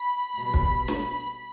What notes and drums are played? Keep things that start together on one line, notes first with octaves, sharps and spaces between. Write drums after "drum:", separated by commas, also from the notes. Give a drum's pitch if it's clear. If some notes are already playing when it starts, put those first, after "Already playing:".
Already playing: B5
B2 G3 B5
drum: kick
B5, drum: snare